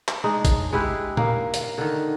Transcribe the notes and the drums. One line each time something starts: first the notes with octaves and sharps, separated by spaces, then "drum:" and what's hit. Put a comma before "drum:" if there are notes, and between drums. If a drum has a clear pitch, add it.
drum: clap
G#3 D4 D#4
drum: kick A1, hi-hat
G#3 E4 G4 B4
A#3, drum: tom A#2
drum: hi-hat
D3 D#3